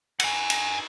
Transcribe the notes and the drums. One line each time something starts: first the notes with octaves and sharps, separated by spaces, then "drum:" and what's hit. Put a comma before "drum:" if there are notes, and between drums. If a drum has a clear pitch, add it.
F#5 G#5, drum: cymbal
drum: cymbal